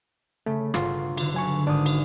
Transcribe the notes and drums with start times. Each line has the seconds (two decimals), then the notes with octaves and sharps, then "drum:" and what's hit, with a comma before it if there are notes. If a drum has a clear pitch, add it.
0.46 C#3 A3
0.74 G1 B2 F4 C6, drum: rim click
1.17 D3 D4, drum: cymbal
1.34 F#3 G#5 C#6
1.67 G#1 D4 D#6
1.86 drum: cymbal